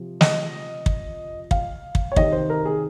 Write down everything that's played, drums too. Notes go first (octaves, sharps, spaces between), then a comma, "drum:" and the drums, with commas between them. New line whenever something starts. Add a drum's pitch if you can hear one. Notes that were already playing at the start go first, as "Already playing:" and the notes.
Already playing: C3 F3
D#5, drum: snare
drum: kick
F5, drum: kick
drum: kick
C#5
C3 D#3 D#5, drum: kick
C5
A#4
G#4